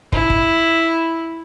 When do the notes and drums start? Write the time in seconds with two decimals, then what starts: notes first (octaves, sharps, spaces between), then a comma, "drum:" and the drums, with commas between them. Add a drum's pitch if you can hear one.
0.12 E4, drum: kick
0.30 drum: kick